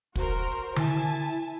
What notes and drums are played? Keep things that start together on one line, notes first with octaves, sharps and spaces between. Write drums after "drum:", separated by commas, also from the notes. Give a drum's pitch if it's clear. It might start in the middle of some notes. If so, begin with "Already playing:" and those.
F#4 A#4 C5, drum: kick
E4 G#5 A5, drum: tom D3